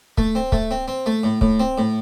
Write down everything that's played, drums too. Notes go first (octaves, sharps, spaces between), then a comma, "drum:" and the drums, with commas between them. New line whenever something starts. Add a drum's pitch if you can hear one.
A3, drum: kick C#1
C4
A3, drum: kick C#1
C4
C4
A3
A2
A2, drum: kick C#1
C4
A2